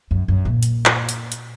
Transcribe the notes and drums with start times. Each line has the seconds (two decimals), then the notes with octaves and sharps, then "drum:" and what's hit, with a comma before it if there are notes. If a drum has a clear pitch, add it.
0.11 F#2
0.28 F#2
0.45 A#2
0.63 drum: hi-hat
0.86 drum: clap
1.09 drum: hi-hat
1.32 drum: hi-hat